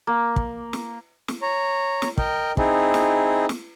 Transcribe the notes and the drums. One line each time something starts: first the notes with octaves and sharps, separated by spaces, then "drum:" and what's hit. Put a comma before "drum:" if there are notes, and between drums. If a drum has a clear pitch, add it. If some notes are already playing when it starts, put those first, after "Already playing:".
A#3
drum: kick
drum: snare
drum: snare
C#5 A#5
drum: snare
A#4 D#5 G5, drum: kick
C4 D#4 E4 G#4, drum: kick
drum: snare
drum: snare